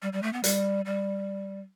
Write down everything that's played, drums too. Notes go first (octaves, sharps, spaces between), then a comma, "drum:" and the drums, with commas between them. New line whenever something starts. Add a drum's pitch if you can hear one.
G3
G3
A3
B3
G3, drum: hi-hat
G3